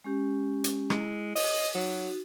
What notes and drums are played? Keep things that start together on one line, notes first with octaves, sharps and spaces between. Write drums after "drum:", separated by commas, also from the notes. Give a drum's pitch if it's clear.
G#3 C#4 G4
drum: hi-hat
G#3 E4, drum: rim click
C#5 D#5, drum: open hi-hat
F#3 D#4 F#4